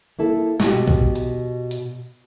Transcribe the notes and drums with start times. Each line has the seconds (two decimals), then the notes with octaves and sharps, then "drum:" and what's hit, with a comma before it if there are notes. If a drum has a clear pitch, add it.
0.19 A#3 E4 A4
0.60 B2 G4, drum: snare
0.88 drum: kick
1.15 drum: hi-hat
1.71 drum: hi-hat